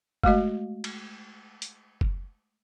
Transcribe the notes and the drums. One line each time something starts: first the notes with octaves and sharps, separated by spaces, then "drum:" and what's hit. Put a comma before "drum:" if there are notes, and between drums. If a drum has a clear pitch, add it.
G#3 A3 F#4 D#5, drum: kick F1
drum: cymbal
drum: hi-hat
drum: kick F1